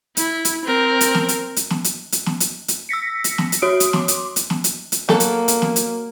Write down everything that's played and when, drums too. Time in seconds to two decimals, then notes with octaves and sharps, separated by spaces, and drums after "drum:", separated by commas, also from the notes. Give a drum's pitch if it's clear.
0.17 E4, drum: hi-hat
0.45 drum: hi-hat
0.65 C4 A#4
1.01 drum: hi-hat
1.15 drum: snare
1.29 drum: hi-hat
1.56 drum: hi-hat
1.70 drum: snare
1.84 drum: hi-hat
2.12 drum: hi-hat
2.26 drum: snare
2.40 drum: hi-hat
2.68 drum: hi-hat
2.89 E6 A#6 B6 C#7
3.24 drum: hi-hat
3.38 drum: snare
3.52 drum: hi-hat
3.62 F#4 C#5 D#6 D7
3.80 drum: hi-hat
3.93 C6 D6, drum: snare
4.08 drum: hi-hat
4.36 drum: hi-hat
4.50 drum: snare
4.64 drum: hi-hat
4.92 drum: hi-hat
5.09 F#3 A#3 A4, drum: snare
5.20 drum: hi-hat
5.48 drum: hi-hat
5.62 drum: snare
5.76 drum: hi-hat